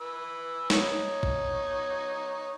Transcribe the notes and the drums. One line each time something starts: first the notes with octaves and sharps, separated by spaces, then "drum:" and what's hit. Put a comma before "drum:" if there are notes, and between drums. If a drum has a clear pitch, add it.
B4 E6
D#4 C#5, drum: snare
drum: kick